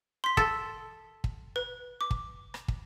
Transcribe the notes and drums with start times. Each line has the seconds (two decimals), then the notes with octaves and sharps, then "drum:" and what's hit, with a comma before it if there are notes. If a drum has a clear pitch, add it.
0.24 C6 B6
0.37 A4, drum: kick
1.24 drum: kick
1.56 B4
2.01 D6
2.11 drum: kick
2.54 drum: rim click
2.68 drum: kick